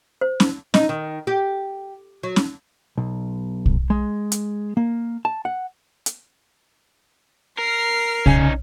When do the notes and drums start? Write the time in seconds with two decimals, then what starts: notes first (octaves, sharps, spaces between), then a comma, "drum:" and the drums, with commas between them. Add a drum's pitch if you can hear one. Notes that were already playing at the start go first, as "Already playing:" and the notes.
0.21 C5
0.40 drum: snare
0.74 D#4, drum: snare
0.89 D#3
1.27 G4
2.23 F#3
2.36 drum: snare
2.98 B1
3.66 drum: kick
3.90 G#3
4.32 drum: hi-hat
4.77 A#3
5.25 A5
5.45 F#5
6.06 drum: hi-hat
7.58 A#4 F6 C7
8.26 C#3 C#4 D#4 G#5, drum: kick